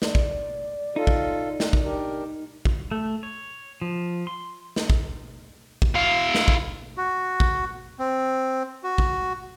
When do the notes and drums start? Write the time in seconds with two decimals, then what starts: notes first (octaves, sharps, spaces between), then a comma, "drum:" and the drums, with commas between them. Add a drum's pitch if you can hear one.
0.02 D5, drum: snare
0.15 drum: kick
0.96 D#4 F4 A4
1.07 drum: kick
1.60 drum: snare
1.73 drum: kick
1.83 D4 G4 A#4
2.65 drum: kick
2.91 A3
3.23 C#5
3.81 F3
4.27 C6
4.76 drum: snare
4.90 drum: kick
5.82 drum: kick
5.95 E4 F5
6.35 drum: snare
6.48 drum: kick
6.97 F#4
7.40 drum: kick
7.99 C4
8.84 F#4
8.98 drum: kick